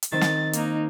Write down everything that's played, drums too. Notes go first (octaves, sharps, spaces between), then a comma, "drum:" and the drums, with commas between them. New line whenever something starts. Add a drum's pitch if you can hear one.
drum: hi-hat
D#3 C4 A6
drum: snare
A#3 D#4, drum: hi-hat